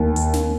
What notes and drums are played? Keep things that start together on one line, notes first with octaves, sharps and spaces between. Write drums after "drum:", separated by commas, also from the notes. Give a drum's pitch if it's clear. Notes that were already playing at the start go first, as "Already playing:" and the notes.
Already playing: D#2
drum: hi-hat
drum: snare